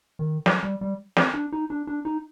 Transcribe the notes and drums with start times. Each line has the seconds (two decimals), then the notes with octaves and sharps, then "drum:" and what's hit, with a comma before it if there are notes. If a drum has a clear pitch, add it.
0.19 D#3
0.46 F#3, drum: snare
0.63 G3
0.81 G3
1.17 C4, drum: snare
1.34 D4
1.53 D#4
1.70 D4
1.87 D4
2.05 D#4